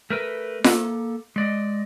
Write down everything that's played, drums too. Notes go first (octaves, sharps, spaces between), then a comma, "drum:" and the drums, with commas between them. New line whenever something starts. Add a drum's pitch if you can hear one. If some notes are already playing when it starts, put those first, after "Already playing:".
A3 A#4 B4
A#3 A4, drum: snare F4
G#3 D5 D#5